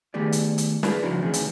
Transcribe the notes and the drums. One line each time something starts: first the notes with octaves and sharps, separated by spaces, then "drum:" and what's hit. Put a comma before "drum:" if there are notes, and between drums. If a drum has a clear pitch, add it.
D#3 A3 B3 G4 G#4 D5
drum: hi-hat
drum: hi-hat
E4 G#4 B4 D5 E5, drum: snare
C#3 F3 D4 E4 F#4 A#4
D2 C3 D#3 E3 C#4 G#4
drum: hi-hat